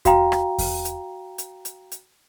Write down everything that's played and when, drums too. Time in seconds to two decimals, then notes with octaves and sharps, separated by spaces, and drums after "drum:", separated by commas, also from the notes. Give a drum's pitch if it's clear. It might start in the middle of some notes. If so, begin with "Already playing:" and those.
0.05 F#4 F5 G5 A#5, drum: kick E2, hi-hat
0.32 drum: rim click
0.58 drum: kick E2, open hi-hat
0.85 drum: hi-hat
1.38 drum: hi-hat
1.65 drum: hi-hat
1.92 drum: hi-hat